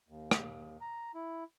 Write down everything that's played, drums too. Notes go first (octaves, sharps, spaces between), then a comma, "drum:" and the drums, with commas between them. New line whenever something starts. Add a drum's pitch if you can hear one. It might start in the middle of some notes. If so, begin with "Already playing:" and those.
D#2
drum: rim click
A#5
E4